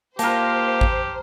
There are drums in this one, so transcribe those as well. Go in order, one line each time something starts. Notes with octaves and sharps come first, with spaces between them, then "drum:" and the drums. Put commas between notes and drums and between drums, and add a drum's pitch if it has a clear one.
A#3 F4 G4 A#4 C5 A5, drum: hi-hat
drum: kick A1